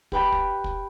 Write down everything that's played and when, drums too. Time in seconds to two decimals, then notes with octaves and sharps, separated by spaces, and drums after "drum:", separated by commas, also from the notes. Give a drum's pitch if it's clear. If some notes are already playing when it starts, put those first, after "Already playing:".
0.12 G4 B4 G5 B5, drum: kick
0.32 drum: kick
0.64 drum: kick